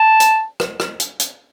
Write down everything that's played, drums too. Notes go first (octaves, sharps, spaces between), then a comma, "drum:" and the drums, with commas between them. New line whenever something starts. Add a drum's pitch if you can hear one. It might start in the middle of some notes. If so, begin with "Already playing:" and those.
Already playing: A5
drum: hi-hat
drum: rim click
drum: rim click
drum: hi-hat
drum: hi-hat